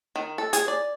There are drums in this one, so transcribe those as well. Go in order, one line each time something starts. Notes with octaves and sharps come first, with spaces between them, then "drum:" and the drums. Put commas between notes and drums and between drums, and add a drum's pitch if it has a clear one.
D#3
A4
G#4, drum: hi-hat
D5